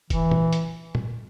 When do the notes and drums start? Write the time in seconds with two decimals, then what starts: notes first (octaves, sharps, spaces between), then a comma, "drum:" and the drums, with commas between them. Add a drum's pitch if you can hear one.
0.10 E3, drum: kick, hi-hat
0.31 drum: tom A#2
0.53 drum: hi-hat
0.95 drum: tom A#2